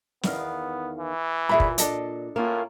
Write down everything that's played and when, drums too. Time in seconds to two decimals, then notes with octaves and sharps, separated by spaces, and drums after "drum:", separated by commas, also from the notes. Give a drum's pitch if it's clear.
0.23 E2 D#3 B3 F5, drum: snare
0.98 E3
1.49 A#2 G#4 E5 B5
1.60 drum: kick
1.78 D4 A4 D#5, drum: hi-hat
2.36 A2 A#3 C#4 F4